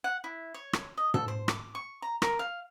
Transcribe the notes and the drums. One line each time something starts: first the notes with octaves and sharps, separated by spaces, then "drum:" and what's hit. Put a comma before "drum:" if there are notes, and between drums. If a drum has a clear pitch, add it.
F#5
E4
C#5
drum: rim click
D#5
A4, drum: tom
C5
D6, drum: rim click
C#6
A#5
A#4, drum: rim click
F5